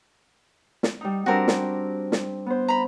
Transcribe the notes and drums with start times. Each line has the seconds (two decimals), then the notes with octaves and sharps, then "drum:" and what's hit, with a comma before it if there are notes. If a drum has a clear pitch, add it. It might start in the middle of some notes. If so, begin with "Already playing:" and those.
0.83 drum: snare
1.01 G3 D#4
1.26 G3 C4 D4 F#4 A#4
1.48 drum: snare
2.12 drum: snare
2.46 B3 C5
2.68 A#5 B5